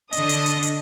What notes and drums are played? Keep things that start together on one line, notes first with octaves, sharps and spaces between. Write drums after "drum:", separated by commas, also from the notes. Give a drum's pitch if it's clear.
D3 D4 D#5 D#6, drum: hi-hat
drum: hi-hat
drum: hi-hat
drum: hi-hat